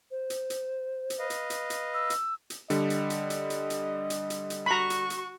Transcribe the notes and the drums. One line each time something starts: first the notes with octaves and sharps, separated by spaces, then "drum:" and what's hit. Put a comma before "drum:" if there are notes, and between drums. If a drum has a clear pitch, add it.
C5
drum: hi-hat
drum: hi-hat
drum: hi-hat
B4 D#5 F5
drum: hi-hat
drum: hi-hat
drum: hi-hat
E6
drum: hi-hat
drum: hi-hat
D3 G3 D#5, drum: hi-hat
drum: hi-hat
drum: hi-hat
drum: hi-hat
drum: hi-hat
drum: hi-hat
drum: hi-hat
drum: hi-hat
drum: hi-hat
F#4 A#5 B5 C#6
drum: hi-hat
drum: hi-hat